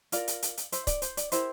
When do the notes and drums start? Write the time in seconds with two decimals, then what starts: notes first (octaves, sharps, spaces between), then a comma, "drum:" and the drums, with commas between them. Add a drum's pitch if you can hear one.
0.12 F4 A#4 D5 F5, drum: hi-hat
0.28 drum: hi-hat
0.42 drum: hi-hat
0.57 drum: hi-hat
0.72 C5 E5, drum: hi-hat
0.87 D5, drum: kick C#1, hi-hat
1.02 C5, drum: hi-hat
1.17 D5, drum: hi-hat
1.32 E4 G4 A#4 C5 E5, drum: hi-hat